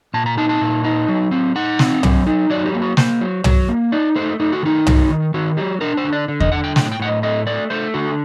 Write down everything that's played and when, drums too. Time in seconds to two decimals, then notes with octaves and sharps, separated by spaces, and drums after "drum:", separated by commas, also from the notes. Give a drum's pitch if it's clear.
0.14 A#2 A5
0.26 A#5
0.37 D#4 A5
0.49 A5
0.61 A#2
0.84 D#4
1.08 F#3
1.31 C4
1.56 D#4 F#5
1.79 C4, drum: snare
2.03 F#3, drum: tom
2.27 D#4
2.50 F#3 D5
2.66 G4
2.74 A#3
2.82 F#4
2.97 A#3 C5, drum: snare
3.21 F#3
3.44 F#3, drum: tom
3.68 A#3
3.92 D#4 D5
4.16 A3 C5
4.40 A3 D#4
4.53 F#4
4.63 D#3 D#4
4.87 F#3, drum: tom
5.10 D#3
5.34 D#3 F#4
5.57 F#3 G4
5.81 D4 A#4
5.97 C5
6.04 D3
6.13 D5
6.28 D3
6.40 D#5, drum: kick E2
6.52 D3 F#5
6.64 G5
6.76 A2 G5, drum: snare
6.92 G5
7.00 A2 F#5
7.07 D#5
7.23 A3 D#5
7.47 A3 D5
7.70 A3 C5
7.94 D3 F#4